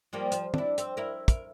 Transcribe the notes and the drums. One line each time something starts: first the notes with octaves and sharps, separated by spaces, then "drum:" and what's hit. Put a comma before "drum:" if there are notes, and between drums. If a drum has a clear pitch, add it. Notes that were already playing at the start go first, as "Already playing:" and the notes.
F3 G3 A#3
F3, drum: hi-hat
D4 E4, drum: tom
C4, drum: hi-hat
E4 A#4
A#4, drum: kick, hi-hat